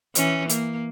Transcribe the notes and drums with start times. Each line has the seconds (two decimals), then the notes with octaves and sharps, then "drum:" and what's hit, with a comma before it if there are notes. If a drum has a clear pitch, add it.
0.15 E3 C#4, drum: hi-hat
0.49 A#3, drum: hi-hat